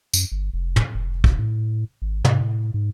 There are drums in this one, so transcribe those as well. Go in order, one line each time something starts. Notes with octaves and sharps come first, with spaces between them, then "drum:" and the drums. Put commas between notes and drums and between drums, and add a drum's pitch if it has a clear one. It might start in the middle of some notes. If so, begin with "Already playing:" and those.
F#2, drum: tambourine
G1
F1
drum: tom
F1
E1, drum: kick
A2
G#1
G#2, drum: tom
A2
G#2